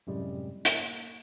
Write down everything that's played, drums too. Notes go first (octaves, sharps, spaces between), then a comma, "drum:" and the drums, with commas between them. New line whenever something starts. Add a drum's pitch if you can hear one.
F#2 A2 C3 G3 G#3
A#3, drum: hi-hat